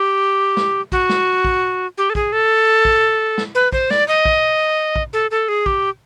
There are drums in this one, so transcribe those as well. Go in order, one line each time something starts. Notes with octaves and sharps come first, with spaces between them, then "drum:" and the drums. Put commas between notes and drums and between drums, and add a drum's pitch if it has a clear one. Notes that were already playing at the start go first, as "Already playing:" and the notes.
Already playing: G4
drum: snare
F#4, drum: kick
drum: snare
drum: kick
G4
A4
G#4, drum: kick
A4
drum: kick
drum: snare
B4
C5, drum: kick
D5, drum: snare
D#5
drum: kick
drum: kick
A4
A4
G#4
G4, drum: kick